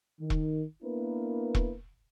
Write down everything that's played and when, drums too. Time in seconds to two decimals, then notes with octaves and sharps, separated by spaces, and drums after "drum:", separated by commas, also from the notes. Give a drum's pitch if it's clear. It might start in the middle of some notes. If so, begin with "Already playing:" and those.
0.21 D#3
0.30 drum: kick E1
0.83 A#3 B3 D4 E4 A#4 B4
1.55 drum: kick E1